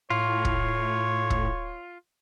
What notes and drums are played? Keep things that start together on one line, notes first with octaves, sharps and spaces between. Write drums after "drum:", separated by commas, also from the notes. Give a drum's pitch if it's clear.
A2 F4 C#5
drum: kick
drum: kick